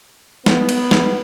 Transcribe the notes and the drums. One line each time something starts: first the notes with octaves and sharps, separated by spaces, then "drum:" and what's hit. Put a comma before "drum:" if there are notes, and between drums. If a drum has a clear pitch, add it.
B3, drum: snare
drum: cymbal
drum: snare